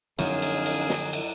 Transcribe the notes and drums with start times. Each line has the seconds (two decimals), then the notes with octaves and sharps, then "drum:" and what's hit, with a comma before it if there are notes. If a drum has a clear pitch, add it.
0.19 F#2 D3 F3 B3 C#4 D#4 G#4 F5, drum: cymbal
0.42 drum: cymbal
0.66 drum: cymbal
0.90 drum: snare
1.13 drum: cymbal